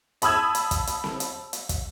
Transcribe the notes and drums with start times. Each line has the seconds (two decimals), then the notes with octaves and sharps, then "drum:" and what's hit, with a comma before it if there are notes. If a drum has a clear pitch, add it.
0.22 A5 B5 D#6 E6 G#6, drum: hi-hat
0.55 drum: hi-hat
0.71 drum: kick, hi-hat
0.87 drum: hi-hat
1.04 drum: snare C4
1.20 drum: hi-hat
1.53 drum: hi-hat
1.69 drum: kick, hi-hat